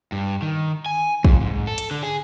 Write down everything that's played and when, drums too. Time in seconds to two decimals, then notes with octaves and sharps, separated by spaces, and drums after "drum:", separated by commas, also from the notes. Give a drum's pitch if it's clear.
0.12 G2
0.42 D#3
0.86 G#5
1.25 F2, drum: kick
1.41 G#2
1.67 A4
1.78 drum: hi-hat
1.91 D3
2.03 G#4